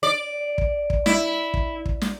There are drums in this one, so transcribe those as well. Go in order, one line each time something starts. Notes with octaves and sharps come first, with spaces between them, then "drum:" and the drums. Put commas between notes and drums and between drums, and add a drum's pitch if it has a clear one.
D5
drum: kick
drum: kick
E4, drum: snare
drum: kick
drum: kick
drum: snare